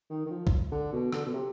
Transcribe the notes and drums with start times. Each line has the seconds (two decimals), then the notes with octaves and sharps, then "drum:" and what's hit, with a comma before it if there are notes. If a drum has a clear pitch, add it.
0.10 D#3
0.26 D#3
0.31 F3
0.47 drum: kick B1
0.72 D3
0.93 B2
1.12 D3, drum: rim click
1.26 B2
1.34 C3